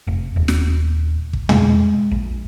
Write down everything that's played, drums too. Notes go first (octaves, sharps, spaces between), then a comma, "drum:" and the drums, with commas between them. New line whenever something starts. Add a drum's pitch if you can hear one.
F1
D#1
drum: snare
drum: kick
G#3, drum: tom
A#1